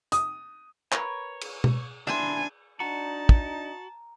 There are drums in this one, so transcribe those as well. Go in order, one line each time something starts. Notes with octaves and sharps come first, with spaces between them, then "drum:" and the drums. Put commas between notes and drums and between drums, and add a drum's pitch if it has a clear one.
D#6, drum: hi-hat
A#4 B4 C#5, drum: clap
drum: cymbal
drum: tom B2
A#2 D4 E4 G4 E5 G#5 C6
D4 D#4 F#4 A5 A#5
drum: kick